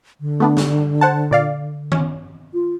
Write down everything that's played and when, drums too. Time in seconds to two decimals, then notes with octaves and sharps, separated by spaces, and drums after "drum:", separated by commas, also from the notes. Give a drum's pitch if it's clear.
0.21 D3
0.40 A3 B3 D4
0.57 drum: snare
1.01 C5 F#5 A5
1.31 A#2 D5 F5
1.92 C#4, drum: tom D#3
2.54 F4